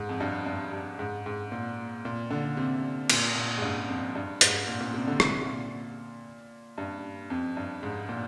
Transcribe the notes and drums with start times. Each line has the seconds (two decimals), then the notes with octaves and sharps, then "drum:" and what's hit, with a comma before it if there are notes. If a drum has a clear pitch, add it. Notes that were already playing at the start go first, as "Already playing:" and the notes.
Already playing: G#2
0.09 F2
0.20 G2
0.46 G2
0.73 G2
0.99 G#2
1.26 G#2
1.52 A#2
2.05 A#2
2.30 D3
2.57 C3
3.10 A#2, drum: cymbal
3.36 A#2
3.58 G#2
3.62 G2
3.88 F2
4.15 G2
4.41 G#2, drum: hi-hat
4.68 A#2
4.81 A#2
4.94 C3
5.07 D3
5.20 C3, drum: rim click
5.46 A#2
6.78 G2
7.30 F2
7.57 G2
7.83 G#2
8.09 A#2